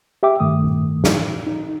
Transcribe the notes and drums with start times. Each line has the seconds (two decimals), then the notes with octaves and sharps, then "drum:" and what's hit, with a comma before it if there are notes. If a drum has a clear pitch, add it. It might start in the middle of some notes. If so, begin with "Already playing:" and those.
0.23 G4 E5 G5 D6
0.40 G2 D#3 A3 D#6
0.64 drum: tom A#2
1.04 drum: snare
1.47 D#4